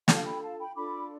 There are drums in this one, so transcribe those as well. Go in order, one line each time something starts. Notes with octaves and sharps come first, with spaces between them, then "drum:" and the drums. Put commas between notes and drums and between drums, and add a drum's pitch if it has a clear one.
D4 F4 A4 F5 A5, drum: snare
G5 B5
F5 A5
G5 B5
D4 F4 A4 B5 D6